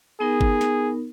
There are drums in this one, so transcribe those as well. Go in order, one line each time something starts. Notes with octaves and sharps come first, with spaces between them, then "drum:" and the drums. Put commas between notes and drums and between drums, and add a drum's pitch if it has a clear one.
B3 D#4 G#4 A#4
drum: kick G#1
drum: snare